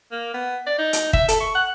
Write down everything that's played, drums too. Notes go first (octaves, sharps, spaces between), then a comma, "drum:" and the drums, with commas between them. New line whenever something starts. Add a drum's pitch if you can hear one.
A#3
B3
D5
D#4
drum: hi-hat
E5, drum: kick
A4, drum: hi-hat
C#6
F#5